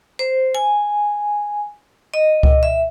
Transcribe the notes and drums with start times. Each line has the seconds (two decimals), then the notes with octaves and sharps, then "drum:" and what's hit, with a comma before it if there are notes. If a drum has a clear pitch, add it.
0.19 C5
0.55 G#5
2.14 D#5
2.43 drum: kick C#2
2.63 E5